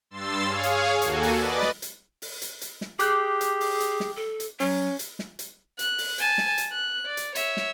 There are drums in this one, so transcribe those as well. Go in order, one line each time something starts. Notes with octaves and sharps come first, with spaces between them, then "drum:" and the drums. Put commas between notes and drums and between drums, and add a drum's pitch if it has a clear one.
G2 C6 E6 A6
G#4 C#5 F5
drum: hi-hat
D#2 A#3 F#4 A4 G#5, drum: hi-hat
drum: open hi-hat
B4 D5 D#5 A6
drum: snare
drum: hi-hat
drum: open hi-hat
drum: hi-hat
drum: hi-hat
drum: snare
G4 G#4 D6 F#6 G6, drum: hi-hat
drum: hi-hat
drum: open hi-hat
drum: hi-hat
drum: snare
A4
drum: hi-hat
F#3 C#4, drum: open hi-hat
drum: hi-hat
drum: snare
drum: hi-hat
F#6, drum: hi-hat
drum: open hi-hat
G#5 A5, drum: hi-hat
drum: snare
drum: hi-hat
F#6
D5
drum: hi-hat
C#5 E5, drum: hi-hat
drum: snare